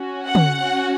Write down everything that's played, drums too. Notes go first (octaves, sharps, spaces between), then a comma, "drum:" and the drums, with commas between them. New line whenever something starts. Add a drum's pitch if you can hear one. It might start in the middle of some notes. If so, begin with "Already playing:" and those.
Already playing: C#4 F#4
F#5
drum: tom
C#4 F#4